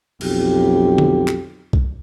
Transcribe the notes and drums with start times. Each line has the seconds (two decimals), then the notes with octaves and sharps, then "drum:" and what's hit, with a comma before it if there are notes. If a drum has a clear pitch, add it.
0.21 B1 F2 G4, drum: cymbal
0.98 drum: tom D3
1.28 drum: clap
1.73 drum: kick B1